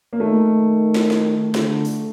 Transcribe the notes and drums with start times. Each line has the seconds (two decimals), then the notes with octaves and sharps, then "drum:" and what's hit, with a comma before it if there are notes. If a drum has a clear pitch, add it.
0.13 A#3
0.20 D#3 A3
0.95 drum: snare
1.11 drum: snare
1.55 D3, drum: snare
1.85 drum: open hi-hat